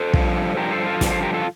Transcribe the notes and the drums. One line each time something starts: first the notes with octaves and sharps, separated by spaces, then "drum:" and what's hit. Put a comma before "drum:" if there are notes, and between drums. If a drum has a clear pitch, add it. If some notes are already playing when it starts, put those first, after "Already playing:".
Already playing: A4 C5
G2 F3, drum: kick
G2 F3 G4 A#4
A4 C5
F4 A4
G2 D3 F3, drum: snare
A4 C5
G4 A#4
F4 A4